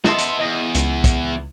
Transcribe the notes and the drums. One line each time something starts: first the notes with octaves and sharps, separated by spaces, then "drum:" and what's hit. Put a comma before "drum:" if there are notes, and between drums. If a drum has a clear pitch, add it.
B3 D#5 E5 A5 C6, drum: snare
drum: hi-hat
E2 D#5
C#2, drum: hi-hat
drum: kick, hi-hat